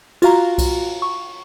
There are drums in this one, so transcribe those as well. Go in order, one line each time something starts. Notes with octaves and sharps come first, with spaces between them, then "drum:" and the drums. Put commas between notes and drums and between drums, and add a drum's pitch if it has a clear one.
F4 F#4 F5 A#5, drum: cymbal
drum: kick B1, cymbal
C#6